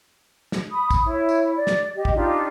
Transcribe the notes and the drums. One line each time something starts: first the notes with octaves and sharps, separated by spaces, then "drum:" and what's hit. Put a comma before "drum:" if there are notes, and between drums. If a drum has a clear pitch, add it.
drum: snare
B5 D#6
drum: kick, tambourine
E4 C#5
drum: tambourine
D5
drum: snare
G4 D#5
drum: kick
D4 D#4 F4 G4